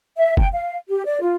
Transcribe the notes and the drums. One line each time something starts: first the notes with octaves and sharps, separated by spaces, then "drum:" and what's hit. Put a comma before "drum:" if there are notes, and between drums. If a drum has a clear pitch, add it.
E5
G5, drum: kick F1
F5
G4
D5
F4